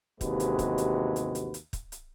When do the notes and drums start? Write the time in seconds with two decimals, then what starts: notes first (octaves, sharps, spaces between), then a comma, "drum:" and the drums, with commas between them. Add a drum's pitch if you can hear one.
0.21 A1 D#2 C3 G#3 F#4 B4, drum: kick, hi-hat
0.40 drum: hi-hat
0.59 drum: kick, hi-hat
0.78 drum: hi-hat
1.16 drum: hi-hat
1.35 drum: hi-hat
1.54 drum: hi-hat
1.73 drum: kick, hi-hat
1.92 drum: hi-hat